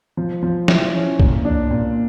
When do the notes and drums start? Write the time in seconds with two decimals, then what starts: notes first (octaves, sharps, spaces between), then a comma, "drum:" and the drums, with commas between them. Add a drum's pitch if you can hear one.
0.17 F3
0.43 F3
0.68 E4, drum: snare
0.94 C#4
1.20 A#2, drum: kick C2
1.45 D4
1.71 A#2